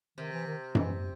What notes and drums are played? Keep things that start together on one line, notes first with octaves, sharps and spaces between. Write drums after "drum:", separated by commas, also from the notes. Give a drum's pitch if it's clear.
C3 D#3
E3
D#3
E3, drum: tom F#2